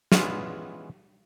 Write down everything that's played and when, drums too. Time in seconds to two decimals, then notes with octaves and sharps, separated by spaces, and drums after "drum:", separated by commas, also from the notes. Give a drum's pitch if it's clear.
0.12 E3 G#3 B3 C#4 F4, drum: snare